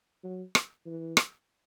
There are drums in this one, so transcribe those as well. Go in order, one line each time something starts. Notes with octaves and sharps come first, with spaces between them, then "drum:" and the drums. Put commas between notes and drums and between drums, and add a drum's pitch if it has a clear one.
F#3
drum: rim click
E3
drum: rim click